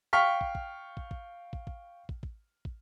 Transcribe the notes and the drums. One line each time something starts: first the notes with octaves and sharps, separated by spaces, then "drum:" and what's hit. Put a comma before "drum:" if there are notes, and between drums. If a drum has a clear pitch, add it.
F5 G5 C#6 F6 B6
drum: kick
drum: kick
drum: kick
drum: kick
drum: kick
drum: kick
drum: kick
drum: kick
drum: kick